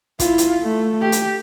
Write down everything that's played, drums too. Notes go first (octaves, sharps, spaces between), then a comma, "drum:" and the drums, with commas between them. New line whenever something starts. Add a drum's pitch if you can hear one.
E4 F4, drum: kick, hi-hat
drum: hi-hat
A3
G4
drum: hi-hat